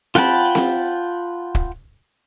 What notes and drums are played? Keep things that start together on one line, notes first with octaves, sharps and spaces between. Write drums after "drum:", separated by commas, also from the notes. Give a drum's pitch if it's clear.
F4 F#5 G5 A5 B5, drum: snare C4
drum: snare C4
drum: kick